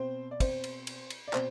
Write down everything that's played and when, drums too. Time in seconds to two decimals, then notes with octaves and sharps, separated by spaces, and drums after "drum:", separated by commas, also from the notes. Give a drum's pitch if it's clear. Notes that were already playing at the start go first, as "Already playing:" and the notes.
Already playing: B2 C4 C5
0.31 D5
0.40 C4 C5, drum: kick, cymbal
0.64 drum: cymbal
0.87 drum: cymbal
1.10 drum: cymbal
1.28 D5
1.33 B2 C4 C5, drum: clap